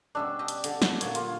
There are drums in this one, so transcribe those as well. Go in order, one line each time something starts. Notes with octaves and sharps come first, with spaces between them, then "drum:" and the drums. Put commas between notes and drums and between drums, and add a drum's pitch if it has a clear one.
B2 G3 C#4 D4 E5
G4 D#5
drum: hi-hat
D3, drum: hi-hat
drum: snare
A#2 D3 A#3 C#5, drum: hi-hat
F4, drum: hi-hat